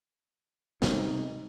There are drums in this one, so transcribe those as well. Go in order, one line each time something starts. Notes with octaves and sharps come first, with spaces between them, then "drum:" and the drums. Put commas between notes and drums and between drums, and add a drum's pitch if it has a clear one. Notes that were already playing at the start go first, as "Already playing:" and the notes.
C3 G3 G#3 D#4, drum: snare